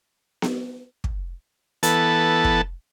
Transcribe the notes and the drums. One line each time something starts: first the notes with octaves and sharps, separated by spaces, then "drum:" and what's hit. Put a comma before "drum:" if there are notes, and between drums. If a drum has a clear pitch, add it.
drum: snare B3
drum: kick
E3 B3 A4 A5, drum: hi-hat
drum: kick